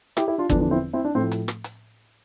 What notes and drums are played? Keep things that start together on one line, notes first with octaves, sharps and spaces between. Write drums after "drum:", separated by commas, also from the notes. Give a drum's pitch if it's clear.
E4 G4, drum: rim click
E4 G4
D4 F4
E2 D3 F3 D4, drum: kick
D4
C4 E4
C4 E4
D4
A2 C4
F3
drum: hi-hat
drum: rim click
drum: hi-hat